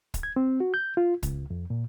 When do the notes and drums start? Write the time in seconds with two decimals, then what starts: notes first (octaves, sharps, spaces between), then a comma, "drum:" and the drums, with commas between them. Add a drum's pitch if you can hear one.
0.14 drum: kick, hi-hat
0.23 G#6
0.36 C4
0.60 F#4
0.74 G6
0.97 F4
1.23 C#2, drum: kick, hi-hat
1.50 F2
1.70 A#2